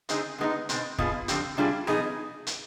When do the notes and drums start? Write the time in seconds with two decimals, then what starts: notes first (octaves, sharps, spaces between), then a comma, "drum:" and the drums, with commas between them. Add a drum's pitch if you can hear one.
0.09 D3 G#3 C4 D#4 G#4, drum: hi-hat
0.38 D3 G#3 B3 D#4
0.69 B2 G#3 C4, drum: hi-hat
0.98 B2 B3 F4 G#4, drum: kick
1.28 D3 F3 C4 G4, drum: hi-hat
1.57 C3 G3 D4 F4 G#4
1.87 B2 B3 D#4 G#4, drum: snare
2.47 drum: hi-hat